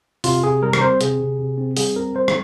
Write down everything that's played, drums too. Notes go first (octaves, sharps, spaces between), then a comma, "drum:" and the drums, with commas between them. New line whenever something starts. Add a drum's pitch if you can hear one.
C3 F4, drum: open hi-hat
C3 G#4
G3 A#4
A#4, drum: rim click
C4 C5
C3 G#4, drum: hi-hat
C3
C3
C4
G3 G#4, drum: open hi-hat
C4 A#4
G3 C5
drum: rim click